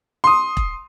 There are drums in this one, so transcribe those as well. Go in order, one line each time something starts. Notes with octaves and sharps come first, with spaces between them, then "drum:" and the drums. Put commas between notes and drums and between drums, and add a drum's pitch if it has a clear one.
C6 D#6
drum: kick E1